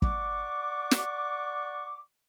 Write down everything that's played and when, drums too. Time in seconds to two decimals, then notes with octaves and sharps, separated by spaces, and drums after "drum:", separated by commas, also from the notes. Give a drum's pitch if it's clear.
0.02 D5 F#5 C#6 D6, drum: kick
0.91 drum: snare